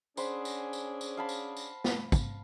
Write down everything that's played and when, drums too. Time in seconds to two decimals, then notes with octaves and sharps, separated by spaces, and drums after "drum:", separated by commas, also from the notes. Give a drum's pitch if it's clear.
0.17 C#4 D4 G#4 C5 F#5 B5, drum: tambourine
0.45 drum: tambourine
0.73 drum: tambourine
1.01 drum: tambourine
1.17 F5 A5 B5
1.29 drum: tambourine
1.57 drum: tambourine
1.84 drum: snare
2.12 drum: kick, tambourine